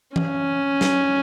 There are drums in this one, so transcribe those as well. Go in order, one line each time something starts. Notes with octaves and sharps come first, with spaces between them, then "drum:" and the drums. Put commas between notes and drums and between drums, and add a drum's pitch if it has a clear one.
C#4, drum: tom E3
drum: snare